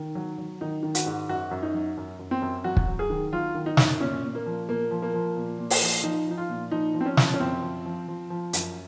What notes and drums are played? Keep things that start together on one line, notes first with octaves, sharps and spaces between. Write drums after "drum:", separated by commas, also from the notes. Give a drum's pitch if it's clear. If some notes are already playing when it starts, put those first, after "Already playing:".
Already playing: D#3
F#3
F#3
D#3 D#4
D#3
F#4, drum: hi-hat
G#2
F#2 F#4
F#2
D#4
F#3
F#2
F#2
C4
F#2
F#3 F#4
drum: kick
F#3
G#4
D#3
F#3 F4
D#3
D#4
F#2, drum: snare
A#2 C#4
A#2
A#3
F3
A#2 A#3
F3
A#3
F3
A#2
A#2
drum: open hi-hat
F3
F3 D#4
F3 D#4
F4
A#2
F3 D#4
F3
C4
C#4
F3, drum: snare
C#4
F#2 C4
F3
F3
F3
F3
F#2, drum: hi-hat